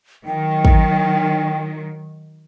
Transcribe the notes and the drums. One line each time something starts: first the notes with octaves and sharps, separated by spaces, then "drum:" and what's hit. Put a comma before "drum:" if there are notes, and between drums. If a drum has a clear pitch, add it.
D#3 F#3 G5
drum: kick